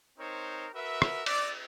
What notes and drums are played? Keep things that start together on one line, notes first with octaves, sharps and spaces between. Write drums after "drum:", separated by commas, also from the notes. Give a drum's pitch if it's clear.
C4 D#4 A#4 C5 C#5
F#4 A#4 B4 E5
drum: rim click
D5, drum: cymbal